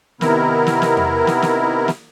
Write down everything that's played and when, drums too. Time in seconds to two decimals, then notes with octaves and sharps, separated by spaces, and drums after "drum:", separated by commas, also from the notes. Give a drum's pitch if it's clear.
0.21 C3 D#3 B3 E4 A#4, drum: snare
0.67 drum: snare
0.82 drum: snare
0.97 drum: tom E2
1.27 drum: snare
1.42 drum: snare
1.88 drum: snare